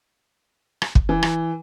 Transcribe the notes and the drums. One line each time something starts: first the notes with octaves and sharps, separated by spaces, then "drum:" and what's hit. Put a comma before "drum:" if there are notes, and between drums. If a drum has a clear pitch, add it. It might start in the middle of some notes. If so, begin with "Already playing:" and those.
drum: rim click
drum: kick
E3
drum: rim click